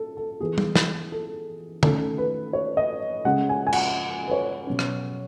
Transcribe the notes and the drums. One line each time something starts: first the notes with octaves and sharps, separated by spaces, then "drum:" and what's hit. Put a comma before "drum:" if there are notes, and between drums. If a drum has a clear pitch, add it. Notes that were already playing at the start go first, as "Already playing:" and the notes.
Already playing: A4
A4
E3 B3 G#4
drum: tom
drum: snare
A4
D#3 A3 C#4 A4, drum: tom
B4
C#5
D#5
C#3 G#3 C#4 F#5
G#5
G#5
F#5, drum: cymbal
B4
C#5
B2 F#3 C#4
drum: rim click